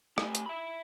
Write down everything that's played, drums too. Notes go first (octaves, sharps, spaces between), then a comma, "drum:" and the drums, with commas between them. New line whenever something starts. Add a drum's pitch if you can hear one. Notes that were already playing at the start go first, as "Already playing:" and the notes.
A3 G4, drum: rim click
drum: hi-hat
E5 B5